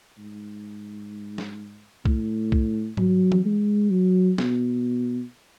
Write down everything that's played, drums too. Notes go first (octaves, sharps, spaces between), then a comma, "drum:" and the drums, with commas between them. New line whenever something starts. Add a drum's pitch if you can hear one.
G#2
drum: snare
A2, drum: kick
drum: kick
F#3, drum: tom G#2
drum: tom E3
G#3
F#3
B2, drum: snare